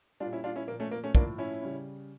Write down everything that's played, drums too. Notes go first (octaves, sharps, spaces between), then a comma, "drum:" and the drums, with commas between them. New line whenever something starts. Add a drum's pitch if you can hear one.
A#2 G3 D4 F4
C#4 E4
D4 F4
C#4 E4
A#2 F3 A#3
A3 C#4
A#3
A3 C#4
A2 F3 A#3 D4, drum: kick
C#4 E4
C#3 G3